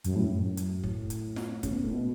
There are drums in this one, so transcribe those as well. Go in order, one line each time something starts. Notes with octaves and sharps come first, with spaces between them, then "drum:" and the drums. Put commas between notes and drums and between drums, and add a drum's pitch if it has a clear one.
F#2, drum: hi-hat
A2
F#2
drum: hi-hat
A2, drum: kick
drum: hi-hat
drum: snare F4
C#3, drum: kick, hi-hat
B2
A2
B2